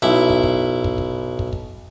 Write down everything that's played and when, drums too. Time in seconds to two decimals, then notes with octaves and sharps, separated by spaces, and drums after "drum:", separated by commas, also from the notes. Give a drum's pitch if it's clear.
0.02 B1 E4
0.30 drum: kick
0.43 drum: kick
0.84 drum: kick
0.98 drum: kick
1.39 drum: kick
1.53 drum: kick